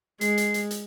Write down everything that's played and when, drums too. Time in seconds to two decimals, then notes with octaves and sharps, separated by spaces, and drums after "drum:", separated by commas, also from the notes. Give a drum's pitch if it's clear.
0.21 G#3 C7, drum: hi-hat
0.38 drum: hi-hat
0.54 drum: hi-hat
0.71 drum: hi-hat